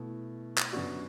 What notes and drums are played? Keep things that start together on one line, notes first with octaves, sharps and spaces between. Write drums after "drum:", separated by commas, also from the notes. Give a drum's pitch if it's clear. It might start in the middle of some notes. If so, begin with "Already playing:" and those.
Already playing: B2 A3 E4
drum: clap
F#2 D3 B3 F#4 D5